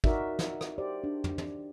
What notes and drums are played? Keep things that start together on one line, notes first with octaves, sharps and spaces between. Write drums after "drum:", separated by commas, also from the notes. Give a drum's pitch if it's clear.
D#4 F#4 A#4 D5 E5, drum: kick
drum: snare
drum: rim click
G4 C5 D5
D4
drum: tom
drum: tom